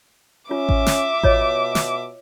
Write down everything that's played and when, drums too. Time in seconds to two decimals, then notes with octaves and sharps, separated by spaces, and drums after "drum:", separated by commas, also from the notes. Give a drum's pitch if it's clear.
0.51 C#4 F4 E5 D6
0.69 drum: kick A1
0.86 drum: snare
1.23 B2 F4 C#5 D#5, drum: kick A1
1.75 drum: snare